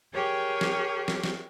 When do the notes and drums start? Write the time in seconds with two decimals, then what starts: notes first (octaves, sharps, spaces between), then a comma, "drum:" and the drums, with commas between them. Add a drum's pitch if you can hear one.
0.14 G4 G#4 A#4 C#5 G5
0.61 drum: snare
1.08 drum: snare
1.24 drum: snare